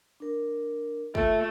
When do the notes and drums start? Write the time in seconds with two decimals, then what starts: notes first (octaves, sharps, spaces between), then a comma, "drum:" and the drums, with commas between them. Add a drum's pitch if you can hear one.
0.20 D4 A#4
1.15 A3 F4 A4, drum: kick